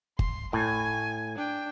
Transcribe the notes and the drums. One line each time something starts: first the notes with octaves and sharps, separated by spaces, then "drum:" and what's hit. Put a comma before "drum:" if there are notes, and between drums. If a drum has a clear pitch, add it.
C6, drum: kick G1
A2 G#5
D4 G5